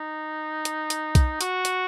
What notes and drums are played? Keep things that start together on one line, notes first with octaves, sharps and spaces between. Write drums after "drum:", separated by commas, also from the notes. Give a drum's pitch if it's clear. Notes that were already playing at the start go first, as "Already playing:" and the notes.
Already playing: D#4
drum: hi-hat
drum: hi-hat
drum: kick B1, hi-hat
F#4, drum: hi-hat
drum: hi-hat